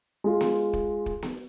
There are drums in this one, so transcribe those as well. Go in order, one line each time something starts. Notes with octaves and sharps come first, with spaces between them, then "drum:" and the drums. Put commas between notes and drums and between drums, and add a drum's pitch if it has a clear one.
G#3 F4
drum: snare B3
drum: kick
drum: kick
drum: snare B3